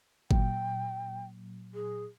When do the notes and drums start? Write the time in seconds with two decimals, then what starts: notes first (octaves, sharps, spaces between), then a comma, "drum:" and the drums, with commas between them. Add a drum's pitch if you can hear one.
0.31 A#2 F#3 G5, drum: kick G1
1.74 G#4